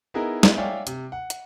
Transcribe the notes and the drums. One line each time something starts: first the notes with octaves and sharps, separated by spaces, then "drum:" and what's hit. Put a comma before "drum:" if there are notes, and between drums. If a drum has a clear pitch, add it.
B3 D#4 E4 G#4 A#4
drum: snare
C#5 D5 E5 F5 G5 G#5
C3, drum: hi-hat
F#5
drum: hi-hat